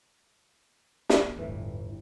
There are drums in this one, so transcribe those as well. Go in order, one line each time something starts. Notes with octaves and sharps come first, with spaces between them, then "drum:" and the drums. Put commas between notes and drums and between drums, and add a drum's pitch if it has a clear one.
drum: snare
G1 E2 A2 E3